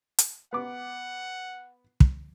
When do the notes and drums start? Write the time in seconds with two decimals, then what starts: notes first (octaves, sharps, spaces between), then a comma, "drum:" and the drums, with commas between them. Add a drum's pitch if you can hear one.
0.19 drum: hi-hat
0.53 B3 F#5 D6
2.00 drum: kick